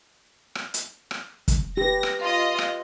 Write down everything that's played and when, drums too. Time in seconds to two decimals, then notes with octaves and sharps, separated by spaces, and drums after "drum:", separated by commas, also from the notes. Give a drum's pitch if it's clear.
0.55 drum: rim click
0.74 drum: hi-hat
1.11 drum: rim click
1.48 drum: kick, hi-hat
1.77 G4 B4 A#6
2.03 drum: rim click
2.22 F4 D#5
2.58 drum: rim click